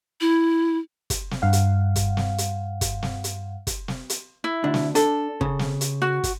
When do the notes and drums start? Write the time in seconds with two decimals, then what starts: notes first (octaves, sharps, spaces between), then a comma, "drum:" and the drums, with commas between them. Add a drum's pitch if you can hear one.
0.21 E4
1.10 drum: kick, hi-hat
1.31 drum: snare
1.42 G2 F5 F#5
1.53 drum: hi-hat
1.96 drum: kick, hi-hat
2.17 drum: snare
2.38 drum: hi-hat
2.81 drum: kick, hi-hat
3.03 drum: snare
3.24 drum: hi-hat
3.67 drum: kick, hi-hat
3.88 drum: snare
4.10 drum: hi-hat
4.44 E4
4.64 D2 D4
4.74 drum: snare
4.95 D4 A4, drum: hi-hat
5.41 C#3, drum: kick
5.59 drum: snare
5.81 drum: hi-hat
6.02 F#4
6.24 drum: kick, hi-hat